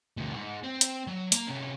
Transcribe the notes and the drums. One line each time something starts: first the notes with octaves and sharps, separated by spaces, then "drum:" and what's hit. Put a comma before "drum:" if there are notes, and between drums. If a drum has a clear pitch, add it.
D2 B2
G#2
C4
drum: hi-hat
F#3
A#3 A#5, drum: hi-hat
C3 C#4